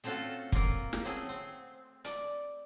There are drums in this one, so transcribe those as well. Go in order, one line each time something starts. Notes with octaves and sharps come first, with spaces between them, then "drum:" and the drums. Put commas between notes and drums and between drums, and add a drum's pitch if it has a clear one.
A3 C4 C#4 F4 F#4 A4
A#3 C4 F4 A#4, drum: kick
drum: snare
F#3 A3 C4 C#4 G#4
C4
D5, drum: hi-hat